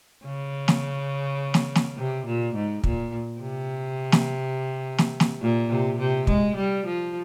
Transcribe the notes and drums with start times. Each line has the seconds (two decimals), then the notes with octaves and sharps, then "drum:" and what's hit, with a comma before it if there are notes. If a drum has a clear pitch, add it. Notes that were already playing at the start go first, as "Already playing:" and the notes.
0.25 C#3
0.68 drum: snare
1.54 drum: snare
1.75 drum: snare
1.97 C3
2.26 A#2
2.54 G#2
2.84 A#2, drum: kick
3.40 C3
4.12 drum: snare
4.98 drum: snare
5.20 drum: snare
5.42 A#2
5.70 C3
5.99 C3
6.27 G#3, drum: kick
6.56 G3
6.86 F3